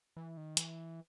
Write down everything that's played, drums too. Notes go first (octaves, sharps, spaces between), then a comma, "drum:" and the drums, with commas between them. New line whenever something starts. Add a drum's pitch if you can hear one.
E3
D#3
E3, drum: hi-hat